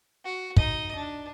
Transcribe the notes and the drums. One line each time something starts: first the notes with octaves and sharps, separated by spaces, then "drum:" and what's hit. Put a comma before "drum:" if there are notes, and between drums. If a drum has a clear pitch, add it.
F#4
D#4 D#5, drum: kick
D4